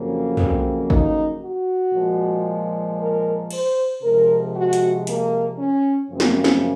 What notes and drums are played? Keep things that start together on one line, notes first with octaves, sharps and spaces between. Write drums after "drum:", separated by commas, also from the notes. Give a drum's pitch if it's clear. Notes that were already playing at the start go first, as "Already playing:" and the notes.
Already playing: F2 C#3 F#3 A#3
C4, drum: tom
D#4, drum: kick G#1
F#4
A#2 F3 G#3
A#4
C5, drum: cymbal
C3 F3 G#3 A#4
F#4
drum: hi-hat
A#3, drum: hi-hat
C#4
F#2 C#3 F3 A#3 C4
drum: snare
drum: snare